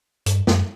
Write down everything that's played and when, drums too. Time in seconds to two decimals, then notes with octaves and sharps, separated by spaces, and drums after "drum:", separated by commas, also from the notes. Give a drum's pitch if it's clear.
0.26 G2, drum: hi-hat
0.47 F#2, drum: snare